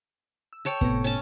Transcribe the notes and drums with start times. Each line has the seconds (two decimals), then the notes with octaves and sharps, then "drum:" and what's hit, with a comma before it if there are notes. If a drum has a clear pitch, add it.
0.53 E6
0.65 A4 C#5 G5
0.81 A2 C3 B3, drum: kick
1.04 C#4 A5